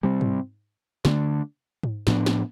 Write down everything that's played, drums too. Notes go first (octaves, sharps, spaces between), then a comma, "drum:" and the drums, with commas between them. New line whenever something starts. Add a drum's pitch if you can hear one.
C3 G3 C4
drum: tom G#2
D3 A3 D4, drum: snare
drum: tom G#2
A2 F3 B3 D4, drum: snare
drum: snare